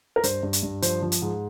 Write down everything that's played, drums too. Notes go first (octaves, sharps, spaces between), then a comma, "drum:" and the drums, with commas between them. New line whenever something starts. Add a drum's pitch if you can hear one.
A#4
G2 C5, drum: hi-hat
G2
drum: hi-hat
G2
F3 C5, drum: hi-hat
F3
drum: hi-hat
G#2